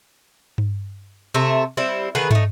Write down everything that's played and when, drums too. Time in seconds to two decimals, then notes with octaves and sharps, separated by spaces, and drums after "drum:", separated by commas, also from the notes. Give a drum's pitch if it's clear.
0.58 drum: tom G2
1.34 C3 A3 E5
1.77 G3 C4 E4
2.15 D3 D#3 G#4 B4
2.31 A3 D#4, drum: tom